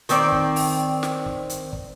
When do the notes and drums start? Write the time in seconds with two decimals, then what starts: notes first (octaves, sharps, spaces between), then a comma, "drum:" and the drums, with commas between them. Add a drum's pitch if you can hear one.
0.09 D#3 C4 D5, drum: hi-hat
0.33 drum: kick
0.56 drum: open hi-hat
1.03 drum: snare
1.26 drum: kick
1.50 drum: hi-hat
1.73 drum: kick